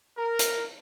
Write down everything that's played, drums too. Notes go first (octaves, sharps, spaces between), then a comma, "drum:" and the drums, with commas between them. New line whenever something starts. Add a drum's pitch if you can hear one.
A#4
drum: hi-hat